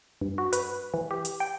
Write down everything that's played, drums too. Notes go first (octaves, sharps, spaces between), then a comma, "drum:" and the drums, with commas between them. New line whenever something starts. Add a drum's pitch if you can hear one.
G2
F#4
B4, drum: hi-hat
E3
G4
drum: hi-hat
G5